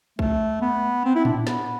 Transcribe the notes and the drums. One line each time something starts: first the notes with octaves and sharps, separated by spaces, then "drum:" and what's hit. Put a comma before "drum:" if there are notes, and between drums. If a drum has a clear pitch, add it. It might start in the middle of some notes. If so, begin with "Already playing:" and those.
A3, drum: kick
B3
C4
E4
D4, drum: tom A2
B3, drum: snare